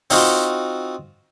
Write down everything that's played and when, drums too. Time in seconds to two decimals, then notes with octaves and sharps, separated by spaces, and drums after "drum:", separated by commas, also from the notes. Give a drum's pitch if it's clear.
0.10 C4 D#4 F4 F#4 C5, drum: open hi-hat